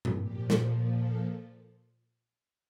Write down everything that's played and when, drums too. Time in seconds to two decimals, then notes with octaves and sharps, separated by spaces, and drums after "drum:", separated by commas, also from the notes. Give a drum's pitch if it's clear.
0.05 drum: tom G#2
0.20 A#2 F3 G4
0.50 drum: snare
0.95 A4